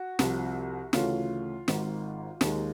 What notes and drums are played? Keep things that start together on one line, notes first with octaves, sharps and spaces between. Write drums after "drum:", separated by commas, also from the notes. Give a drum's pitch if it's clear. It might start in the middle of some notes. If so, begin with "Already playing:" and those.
Already playing: F#4
C2 C3 F3, drum: snare
D2 C#3 E3 A3 C#4 F4, drum: snare
G#1 G#2 D#3, drum: snare
D#2 D#3 G#3, drum: snare